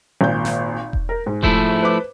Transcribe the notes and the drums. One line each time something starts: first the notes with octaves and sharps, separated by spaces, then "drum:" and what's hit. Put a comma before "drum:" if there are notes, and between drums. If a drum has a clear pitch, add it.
G#1 A#2 G6
drum: snare
drum: kick E1
A#4
G#2
F3 A3 E4, drum: kick E1
B4 C5 D6